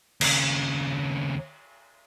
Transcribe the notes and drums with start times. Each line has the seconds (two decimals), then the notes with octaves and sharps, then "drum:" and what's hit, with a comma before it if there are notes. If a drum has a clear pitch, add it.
0.21 D#2 C#3, drum: cymbal